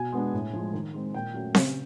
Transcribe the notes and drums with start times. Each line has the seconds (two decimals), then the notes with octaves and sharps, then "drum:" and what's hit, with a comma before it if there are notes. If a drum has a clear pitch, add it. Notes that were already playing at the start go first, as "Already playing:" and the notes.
Already playing: B2 G#5
0.12 G#3 B3 D4
0.33 A2
0.53 F3 G#3
0.73 D#3
0.93 G#3 C4
1.14 A#2 G5
1.34 F#3 A3 C#4
1.55 C#3, drum: snare C4